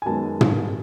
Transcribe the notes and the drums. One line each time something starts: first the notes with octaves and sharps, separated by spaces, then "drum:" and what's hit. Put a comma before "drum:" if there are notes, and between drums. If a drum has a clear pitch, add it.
G#5
F#2 D#3 G#3 B3 A5
drum: tom